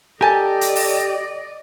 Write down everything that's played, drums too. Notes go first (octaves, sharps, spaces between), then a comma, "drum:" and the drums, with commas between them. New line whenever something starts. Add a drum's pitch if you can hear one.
G4 A4 A#4 D5 D#5 G#5 A5
drum: hi-hat
drum: open hi-hat